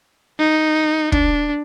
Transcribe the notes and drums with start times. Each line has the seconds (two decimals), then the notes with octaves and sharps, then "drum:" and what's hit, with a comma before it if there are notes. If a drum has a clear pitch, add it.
0.39 D#4
1.12 D4, drum: kick